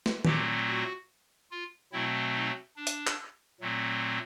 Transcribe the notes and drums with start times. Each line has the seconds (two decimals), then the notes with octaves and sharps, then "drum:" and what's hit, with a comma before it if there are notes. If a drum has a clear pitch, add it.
0.06 drum: snare
0.25 A#2 F#3 A3 C4 G4, drum: tom D#3
0.68 F#4
1.51 F4
1.92 B2 F#3 A3 C4 E4
2.35 D#4
2.76 D4
2.87 drum: hi-hat
3.07 drum: clap
3.61 A#2 F#3 A3 C4